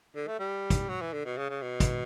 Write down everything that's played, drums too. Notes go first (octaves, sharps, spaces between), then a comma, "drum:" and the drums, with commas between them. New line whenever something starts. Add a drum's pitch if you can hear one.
D3
A3
G3
drum: kick, hi-hat
F#3
E3
D3
B2
C#3
C#3
B2
drum: kick, hi-hat